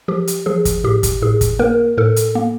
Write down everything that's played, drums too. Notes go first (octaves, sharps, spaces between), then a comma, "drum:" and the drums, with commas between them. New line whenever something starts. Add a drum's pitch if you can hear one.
F3 G4
drum: hi-hat
F3 G#4
drum: kick, hi-hat
A2 G4
drum: kick, hi-hat
A2 G#4
drum: kick, hi-hat
A#3 A#4
A2 A4
drum: hi-hat
A#3